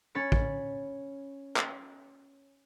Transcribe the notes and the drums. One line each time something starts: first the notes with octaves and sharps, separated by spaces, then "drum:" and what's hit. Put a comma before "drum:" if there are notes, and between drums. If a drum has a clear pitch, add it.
C#4 C#5 B5 A6 C#7
drum: kick
drum: clap